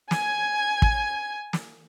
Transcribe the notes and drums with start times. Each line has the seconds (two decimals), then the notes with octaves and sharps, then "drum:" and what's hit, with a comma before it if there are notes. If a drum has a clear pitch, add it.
0.11 G#5 G#6, drum: snare
0.82 drum: kick
1.53 drum: snare